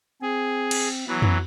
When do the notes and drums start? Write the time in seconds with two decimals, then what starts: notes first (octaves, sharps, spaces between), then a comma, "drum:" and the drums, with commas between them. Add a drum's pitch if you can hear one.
0.22 C4 G#4
0.71 drum: cymbal
1.08 E3 F#3 B3
1.22 drum: tom F2